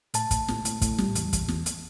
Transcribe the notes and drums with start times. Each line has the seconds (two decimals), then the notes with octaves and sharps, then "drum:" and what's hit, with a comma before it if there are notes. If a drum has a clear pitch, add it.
0.14 A2 A5, drum: hi-hat
0.31 A2, drum: kick, hi-hat
0.48 A2, drum: snare
0.65 A2, drum: hi-hat
0.82 A2, drum: kick, hi-hat
0.98 G3, drum: snare
1.15 E2, drum: hi-hat
1.33 E2, drum: kick, hi-hat
1.48 E2, drum: snare
1.66 drum: hi-hat